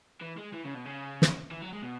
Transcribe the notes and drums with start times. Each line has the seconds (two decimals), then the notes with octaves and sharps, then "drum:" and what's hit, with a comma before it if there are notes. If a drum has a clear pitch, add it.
0.22 E3
0.38 G#3
0.54 E3
0.65 C#3
0.75 B2
0.86 C#3
1.22 drum: snare
1.51 E3
1.62 F#3
1.73 G#3
1.82 B2